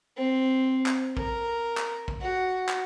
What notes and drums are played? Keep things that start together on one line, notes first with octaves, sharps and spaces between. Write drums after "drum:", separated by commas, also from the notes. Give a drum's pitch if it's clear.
C4
drum: clap
A#4, drum: kick
drum: clap
drum: kick
F#4
drum: clap